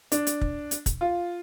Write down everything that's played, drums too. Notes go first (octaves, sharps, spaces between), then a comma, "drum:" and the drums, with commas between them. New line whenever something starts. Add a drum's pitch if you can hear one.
D4, drum: hi-hat
drum: hi-hat
drum: kick
drum: hi-hat
drum: kick, hi-hat
F4